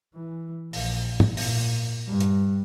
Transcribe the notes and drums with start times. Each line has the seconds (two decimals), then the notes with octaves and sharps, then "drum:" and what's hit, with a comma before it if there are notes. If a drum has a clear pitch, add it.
0.15 E3
0.73 A#1, drum: open hi-hat
1.20 drum: tom
1.37 A#2, drum: open hi-hat
2.08 G2
2.20 drum: hi-hat